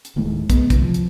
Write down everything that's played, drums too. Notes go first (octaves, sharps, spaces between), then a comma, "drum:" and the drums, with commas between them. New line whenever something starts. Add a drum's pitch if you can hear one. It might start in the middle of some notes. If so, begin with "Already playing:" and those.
drum: hi-hat
D1 D#2 A2 G#3
G#3 B3, drum: kick, hi-hat
D2 C3 E3, drum: kick, hi-hat
F3
drum: hi-hat